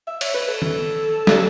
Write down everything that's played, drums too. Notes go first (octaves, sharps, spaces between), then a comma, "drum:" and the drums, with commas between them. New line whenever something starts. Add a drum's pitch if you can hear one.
E5
C#5, drum: cymbal
B4
A4
drum: tom D#3
drum: snare